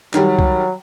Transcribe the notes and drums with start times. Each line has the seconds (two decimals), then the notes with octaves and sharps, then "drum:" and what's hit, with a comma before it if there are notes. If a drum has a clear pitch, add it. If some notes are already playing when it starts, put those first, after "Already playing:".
0.14 D#3 F#3 G3, drum: clap
0.39 drum: kick